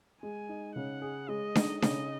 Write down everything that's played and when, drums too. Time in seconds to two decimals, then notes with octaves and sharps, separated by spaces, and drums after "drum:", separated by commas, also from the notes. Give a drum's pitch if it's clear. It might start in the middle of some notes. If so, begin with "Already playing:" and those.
0.22 G#3 G#5
0.49 D#4
0.75 C#3 F#5
1.02 G#4
1.29 G#3 D#5
1.55 D#4, drum: snare D4
1.82 C#3 D#5, drum: snare D4